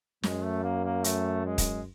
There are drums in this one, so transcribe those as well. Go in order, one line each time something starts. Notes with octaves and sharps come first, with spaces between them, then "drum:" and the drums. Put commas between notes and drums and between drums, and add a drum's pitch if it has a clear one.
F#2 G#3, drum: snare
A3
A#3
A#3
A3, drum: hi-hat
G#3
drum: kick, hi-hat